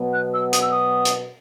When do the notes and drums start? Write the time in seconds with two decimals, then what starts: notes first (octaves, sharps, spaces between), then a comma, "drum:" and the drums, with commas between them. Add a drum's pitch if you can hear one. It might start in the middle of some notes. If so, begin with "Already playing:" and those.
Already playing: B2 F#3 B3
0.13 F#6
0.34 E6
0.53 D#6, drum: hi-hat
0.62 E6
0.71 D#6
1.05 drum: hi-hat